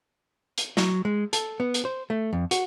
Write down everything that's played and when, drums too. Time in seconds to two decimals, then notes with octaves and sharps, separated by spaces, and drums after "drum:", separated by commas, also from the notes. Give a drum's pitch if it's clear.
0.58 drum: hi-hat
0.77 F#3, drum: snare
1.05 G#3
1.33 A4, drum: hi-hat
1.60 B3
1.74 drum: hi-hat
1.85 C5
2.10 A3
2.33 F2
2.51 F#4, drum: hi-hat